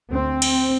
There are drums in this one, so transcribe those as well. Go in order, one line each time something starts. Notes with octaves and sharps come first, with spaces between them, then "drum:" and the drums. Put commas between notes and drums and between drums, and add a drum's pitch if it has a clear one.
D2 C4
drum: cymbal